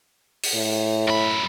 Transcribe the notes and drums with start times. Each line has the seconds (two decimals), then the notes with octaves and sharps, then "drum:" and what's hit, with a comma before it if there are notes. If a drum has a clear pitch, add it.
0.43 drum: open hi-hat
0.55 A2
1.08 F#2 B5